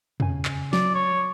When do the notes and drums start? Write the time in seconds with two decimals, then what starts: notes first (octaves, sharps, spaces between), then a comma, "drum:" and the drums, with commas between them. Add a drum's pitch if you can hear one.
0.20 C#3 G#5, drum: tom
0.45 drum: clap
0.73 F#3 D5, drum: snare
0.95 C#5